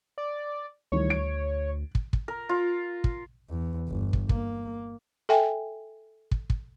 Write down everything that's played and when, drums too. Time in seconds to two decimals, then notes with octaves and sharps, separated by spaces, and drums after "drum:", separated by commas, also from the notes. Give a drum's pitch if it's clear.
0.18 D5
0.92 D2 D#3 E3 G3 C#5
1.10 D7
1.95 drum: kick
2.13 drum: kick
2.28 A#4
2.49 F4
3.04 drum: kick
3.49 E2
3.88 G1
4.13 drum: kick
4.29 A#3, drum: kick
5.29 A4 E5 G5 G#5
6.31 drum: kick
6.50 drum: kick